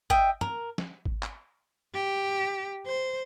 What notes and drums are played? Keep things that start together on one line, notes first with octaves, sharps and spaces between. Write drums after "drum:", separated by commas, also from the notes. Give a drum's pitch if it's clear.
D#5 E5 G5, drum: kick
A#4, drum: tom
drum: snare
drum: kick
drum: clap
G4
C5